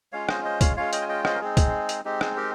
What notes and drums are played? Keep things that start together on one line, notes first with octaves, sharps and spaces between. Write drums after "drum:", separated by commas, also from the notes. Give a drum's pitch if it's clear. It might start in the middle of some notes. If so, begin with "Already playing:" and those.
G#3 C#4 F4 C#5 F5
C5 D#5, drum: rim click
C5 D#5
C#5 F5, drum: kick, hi-hat
G#3 C#4 F4 C#5 F5
D#5 G5, drum: hi-hat
G#5
D#5 G5
C5 D#5, drum: rim click
A#4
G#3 C4 D#4 G#4
drum: kick, hi-hat
drum: hi-hat
G#3 C4 D#4 G4
G#4, drum: rim click
G4 A#4